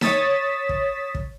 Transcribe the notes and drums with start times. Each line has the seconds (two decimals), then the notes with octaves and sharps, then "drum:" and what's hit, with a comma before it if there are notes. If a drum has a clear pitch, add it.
0.01 C#5 D#6 A6 B6 E7, drum: snare D#4
0.69 drum: kick
1.15 drum: kick